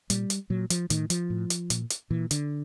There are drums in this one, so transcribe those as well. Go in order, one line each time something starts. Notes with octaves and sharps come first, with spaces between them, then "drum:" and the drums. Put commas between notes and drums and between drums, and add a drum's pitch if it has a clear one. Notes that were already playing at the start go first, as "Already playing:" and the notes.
A#2 G3, drum: hi-hat
drum: hi-hat
A#2 F#3
F3, drum: hi-hat
A2 D#3, drum: hi-hat
F3, drum: hi-hat
A2
drum: hi-hat
A#2, drum: hi-hat
drum: hi-hat
A#2 E3
D3, drum: hi-hat